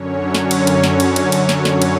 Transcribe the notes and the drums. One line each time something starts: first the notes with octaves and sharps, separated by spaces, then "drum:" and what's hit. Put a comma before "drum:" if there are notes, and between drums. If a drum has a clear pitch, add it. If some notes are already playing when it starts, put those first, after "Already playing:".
Already playing: F#2 D3 F#3 C#4 C#5
drum: snare
drum: cymbal
drum: cymbal
drum: snare
drum: cymbal
drum: cymbal
C#4 C#5, drum: cymbal
drum: snare
drum: snare
drum: cymbal